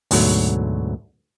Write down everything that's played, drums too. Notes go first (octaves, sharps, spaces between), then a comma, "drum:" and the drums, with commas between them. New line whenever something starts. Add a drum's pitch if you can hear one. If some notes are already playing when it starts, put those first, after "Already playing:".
D2 G#2 B2 F#3 A3, drum: open hi-hat